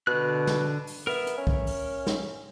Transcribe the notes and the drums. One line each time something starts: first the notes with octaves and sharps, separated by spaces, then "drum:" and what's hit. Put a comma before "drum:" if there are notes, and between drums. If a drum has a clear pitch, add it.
B2 D3 F#6
drum: snare
drum: open hi-hat
B3 A#4 E5
drum: hi-hat
C#4
drum: kick
drum: open hi-hat
drum: snare